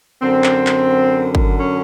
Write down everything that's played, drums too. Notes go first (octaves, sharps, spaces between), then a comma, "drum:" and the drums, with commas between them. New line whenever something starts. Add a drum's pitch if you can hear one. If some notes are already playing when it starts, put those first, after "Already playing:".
F#2 D3 C4
drum: clap
drum: clap
drum: kick
C#4